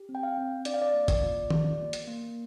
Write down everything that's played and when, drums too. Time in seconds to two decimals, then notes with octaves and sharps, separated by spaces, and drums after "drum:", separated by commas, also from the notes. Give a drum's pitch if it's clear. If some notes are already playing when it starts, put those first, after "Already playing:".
Already playing: G4
0.09 C4
0.15 G5
0.23 F5
0.38 C4
0.65 D4 D5, drum: hi-hat
0.74 F5
0.82 D5
0.94 A#3
1.08 drum: kick, hi-hat
1.23 F4
1.50 G4, drum: tom
1.79 A#3
1.93 drum: hi-hat
2.07 A#3